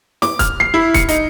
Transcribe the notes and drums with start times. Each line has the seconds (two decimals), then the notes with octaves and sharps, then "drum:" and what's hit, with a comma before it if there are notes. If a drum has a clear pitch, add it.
0.22 D6, drum: snare
0.39 F6, drum: kick, hi-hat
0.60 C7
0.74 E4
0.94 C#7, drum: kick, hi-hat
1.09 D#4, drum: hi-hat